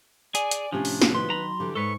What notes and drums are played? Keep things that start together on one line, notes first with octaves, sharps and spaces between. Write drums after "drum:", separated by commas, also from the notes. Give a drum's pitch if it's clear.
G#4 D5 G#5, drum: hi-hat
drum: hi-hat
A2 C3 F3 C#4 D4 G4 F#5
drum: open hi-hat
drum: snare
D#3 B4 C6
F#3 A#5 B5
D3 E3 G4
G#2 A4 B4 C#5 C#6